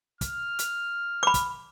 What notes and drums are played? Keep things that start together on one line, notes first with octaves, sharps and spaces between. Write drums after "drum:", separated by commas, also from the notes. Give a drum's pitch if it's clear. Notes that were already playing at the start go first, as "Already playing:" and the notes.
F6, drum: kick, hi-hat
drum: hi-hat
B5 D6
drum: kick, hi-hat